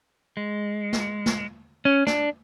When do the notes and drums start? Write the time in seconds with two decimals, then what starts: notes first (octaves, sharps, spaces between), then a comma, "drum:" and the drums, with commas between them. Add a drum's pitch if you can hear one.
0.37 G#3
0.93 drum: snare
1.26 drum: snare
1.85 C#4
2.07 D4, drum: snare